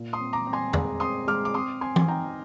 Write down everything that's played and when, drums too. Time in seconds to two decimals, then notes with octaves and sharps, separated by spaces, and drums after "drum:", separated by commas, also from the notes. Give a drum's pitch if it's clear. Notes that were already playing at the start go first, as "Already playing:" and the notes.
Already playing: A#2
0.13 C6 D#6
0.20 C4
0.33 A#5 D6
0.47 C4
0.53 G#5 C6
0.73 G#3, drum: tom E2
1.00 C4 C6 D#6
1.27 G#3 D6 F6
1.45 D6
1.54 C4 C6 D#6
1.81 C4 G#5 C6
1.96 G#5, drum: tom E3
2.08 D#4 G5 A#5